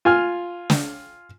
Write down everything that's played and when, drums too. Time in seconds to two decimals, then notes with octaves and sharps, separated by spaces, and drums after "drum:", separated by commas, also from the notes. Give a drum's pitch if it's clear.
0.05 F4 G#5 F6
0.70 drum: snare